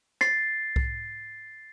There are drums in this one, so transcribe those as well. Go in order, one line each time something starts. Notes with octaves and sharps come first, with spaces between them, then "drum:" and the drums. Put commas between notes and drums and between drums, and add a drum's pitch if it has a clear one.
A6 C7, drum: rim click
drum: kick C2